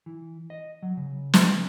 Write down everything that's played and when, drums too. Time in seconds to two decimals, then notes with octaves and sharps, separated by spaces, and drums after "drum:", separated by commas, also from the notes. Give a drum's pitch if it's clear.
0.06 E3
0.50 D#5
0.83 F#3
0.97 C#3
1.34 drum: snare
1.43 D4